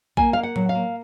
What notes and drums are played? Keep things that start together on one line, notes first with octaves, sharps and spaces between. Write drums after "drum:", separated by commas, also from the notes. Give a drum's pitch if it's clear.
A#3 G#5, drum: kick A#1
A#3 F5
F#5
F#3, drum: tom A2
F5
A#3